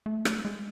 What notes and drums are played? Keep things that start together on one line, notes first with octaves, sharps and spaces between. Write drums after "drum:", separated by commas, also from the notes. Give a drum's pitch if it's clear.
A3
drum: rim click
G#3